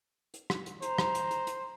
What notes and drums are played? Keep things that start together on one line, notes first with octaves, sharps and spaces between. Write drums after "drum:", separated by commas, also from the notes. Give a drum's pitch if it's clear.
drum: hi-hat
drum: rim click
drum: hi-hat
C5 A#5, drum: hi-hat
drum: rim click
drum: hi-hat
drum: hi-hat
drum: hi-hat